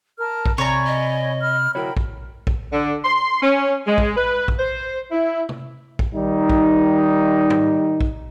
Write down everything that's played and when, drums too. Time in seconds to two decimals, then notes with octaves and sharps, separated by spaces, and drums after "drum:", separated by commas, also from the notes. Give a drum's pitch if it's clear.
0.19 A#4 A5 F6
0.46 drum: kick
0.58 C3 C#5 D5 G#5 A#5 B5 C#6
0.87 D#5
1.43 B5 F6
1.75 E4 F#4 A#4 C#5 G5 B5
1.97 drum: kick
2.47 drum: kick
2.72 D3
3.04 C6
3.41 C#4
3.86 G#3
3.98 drum: kick
4.17 B4
4.48 drum: kick
4.58 C5
5.12 E4
5.49 drum: tom C3
5.99 drum: kick
6.15 D#3 G3 D#4
6.50 drum: kick
7.50 drum: tom
8.01 drum: kick